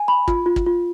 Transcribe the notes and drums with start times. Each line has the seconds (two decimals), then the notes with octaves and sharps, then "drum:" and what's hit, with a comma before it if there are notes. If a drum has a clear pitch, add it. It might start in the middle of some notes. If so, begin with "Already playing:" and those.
Already playing: G#5
0.08 B5
0.28 F4, drum: kick
0.46 F4
0.56 drum: kick
0.66 F4